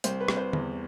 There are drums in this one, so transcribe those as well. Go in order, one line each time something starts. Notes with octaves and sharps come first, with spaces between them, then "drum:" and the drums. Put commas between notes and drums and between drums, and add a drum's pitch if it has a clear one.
C2 C5, drum: hi-hat
B4
C2, drum: rim click
C5
E2, drum: tom D3